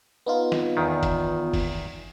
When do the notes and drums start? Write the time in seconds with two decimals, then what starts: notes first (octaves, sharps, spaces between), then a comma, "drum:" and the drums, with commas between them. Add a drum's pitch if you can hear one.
0.26 B3 D#4 F4
0.52 drum: snare
0.77 E2 D#3
1.03 drum: kick, hi-hat
1.53 drum: kick, open hi-hat